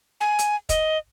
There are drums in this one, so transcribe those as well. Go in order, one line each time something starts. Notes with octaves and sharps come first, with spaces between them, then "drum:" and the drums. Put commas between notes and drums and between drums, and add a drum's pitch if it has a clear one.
G#5
drum: hi-hat
D#5, drum: kick, hi-hat